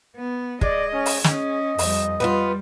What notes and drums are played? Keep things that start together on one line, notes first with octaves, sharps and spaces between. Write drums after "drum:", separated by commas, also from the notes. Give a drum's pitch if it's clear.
B3
G#3 D5 D#5, drum: kick
C#4
drum: open hi-hat
C#4 D#5, drum: snare
F2 G3, drum: open hi-hat
G3 B3 D#4 F4